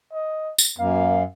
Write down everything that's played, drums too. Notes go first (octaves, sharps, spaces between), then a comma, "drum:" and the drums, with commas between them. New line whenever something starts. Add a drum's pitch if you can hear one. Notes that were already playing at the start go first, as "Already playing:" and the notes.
D#5
drum: tambourine
F#2 A#3 F5